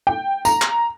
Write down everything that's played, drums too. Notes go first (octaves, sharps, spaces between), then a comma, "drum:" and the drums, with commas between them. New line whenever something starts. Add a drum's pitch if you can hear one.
G5
A#5, drum: tambourine
drum: clap